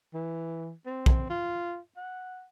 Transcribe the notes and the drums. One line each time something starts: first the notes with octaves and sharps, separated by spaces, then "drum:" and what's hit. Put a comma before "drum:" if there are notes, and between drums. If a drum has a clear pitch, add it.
E3
C4
drum: kick B1
F4
F#5